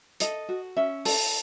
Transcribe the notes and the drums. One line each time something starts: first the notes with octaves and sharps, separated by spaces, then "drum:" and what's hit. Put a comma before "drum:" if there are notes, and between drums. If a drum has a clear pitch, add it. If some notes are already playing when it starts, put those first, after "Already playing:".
A4 D#5, drum: hi-hat
F#4
C#4 E5
A4, drum: open hi-hat